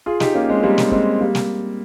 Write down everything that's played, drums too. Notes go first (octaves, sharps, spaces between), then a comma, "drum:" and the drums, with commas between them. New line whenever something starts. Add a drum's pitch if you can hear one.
F4 G#4
D#4 G4, drum: snare
A#3 C#4
G#3 C4
G3 A#3
drum: snare
G#3 C4, drum: kick
G3 A#3
drum: snare